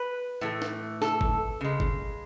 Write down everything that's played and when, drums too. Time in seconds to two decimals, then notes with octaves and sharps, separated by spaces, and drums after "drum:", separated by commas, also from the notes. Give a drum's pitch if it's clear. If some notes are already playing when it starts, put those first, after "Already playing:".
Already playing: B4
0.41 A2 E3 A3
0.62 drum: snare
1.02 A4, drum: snare
1.21 drum: kick G1
1.61 C#3 G#3
1.80 drum: kick G1